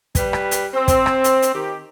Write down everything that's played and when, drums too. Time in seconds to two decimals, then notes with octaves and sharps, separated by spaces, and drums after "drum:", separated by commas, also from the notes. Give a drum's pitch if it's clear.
0.15 G3 B4, drum: kick, hi-hat
0.33 drum: rim click
0.51 drum: hi-hat
0.73 C4
0.88 drum: kick, hi-hat
1.06 drum: rim click
1.24 drum: hi-hat
1.42 drum: hi-hat
1.54 D#3 G4